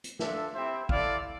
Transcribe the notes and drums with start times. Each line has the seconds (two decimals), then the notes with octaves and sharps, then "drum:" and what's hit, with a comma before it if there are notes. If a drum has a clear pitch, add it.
0.04 drum: hi-hat
0.19 D4 F4 A4 E5, drum: snare
0.54 C4 E4 G4 C5 E5
0.89 E4 A4 D5 F5, drum: kick A#1